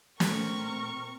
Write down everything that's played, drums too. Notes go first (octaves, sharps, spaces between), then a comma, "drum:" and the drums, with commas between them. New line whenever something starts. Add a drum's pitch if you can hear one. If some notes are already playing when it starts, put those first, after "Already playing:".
A#2 A3 C4 A#4 C#6, drum: snare